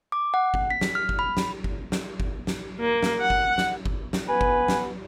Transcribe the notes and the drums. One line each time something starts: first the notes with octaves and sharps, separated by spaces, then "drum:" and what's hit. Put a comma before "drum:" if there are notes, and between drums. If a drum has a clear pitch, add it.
D6
F#5
drum: kick G1
B6
drum: snare
F6
drum: kick G1
B5
drum: snare
drum: kick G1
drum: snare
drum: kick G1
drum: snare
A#3
drum: snare
F#5
drum: kick G1
drum: snare
drum: kick G1
drum: snare
B3 B4 G#5
drum: kick G1
drum: snare